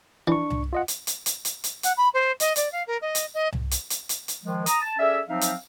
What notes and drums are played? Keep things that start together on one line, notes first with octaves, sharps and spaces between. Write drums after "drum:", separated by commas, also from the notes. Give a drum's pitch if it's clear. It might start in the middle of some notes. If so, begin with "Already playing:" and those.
E3 D4 C#6
drum: tom C2
F4 D#5 F#5
drum: hi-hat
drum: hi-hat
drum: hi-hat
drum: hi-hat
drum: hi-hat
F#5, drum: hi-hat
B5
C5
D#5, drum: hi-hat
D5, drum: hi-hat
F5
A#4
D#5
drum: hi-hat
D#5
drum: tom C2
drum: hi-hat
drum: hi-hat
drum: hi-hat
drum: hi-hat
D#3 F3 G#3
A#5 D#6, drum: hi-hat
A5
C#4 G#4 A4 D5 E5
F3 F#3 C4 D#4 E5 F5
drum: hi-hat